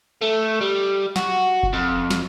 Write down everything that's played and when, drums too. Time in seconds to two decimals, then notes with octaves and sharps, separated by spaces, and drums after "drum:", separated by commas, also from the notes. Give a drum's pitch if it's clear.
0.22 A3
0.61 G3
1.16 F#4, drum: snare
1.63 drum: kick F1
1.73 F2
2.10 drum: snare